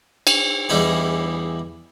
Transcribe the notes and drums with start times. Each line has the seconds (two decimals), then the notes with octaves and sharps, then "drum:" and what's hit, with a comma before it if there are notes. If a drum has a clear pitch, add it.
0.27 drum: cymbal
0.69 E2 E3 G3 D#4 E4 G#4